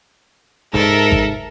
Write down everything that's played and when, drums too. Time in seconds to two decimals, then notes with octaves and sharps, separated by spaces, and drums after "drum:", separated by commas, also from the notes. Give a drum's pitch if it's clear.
0.74 G#2 A4 A#4 E5, drum: snare
1.12 drum: kick G#1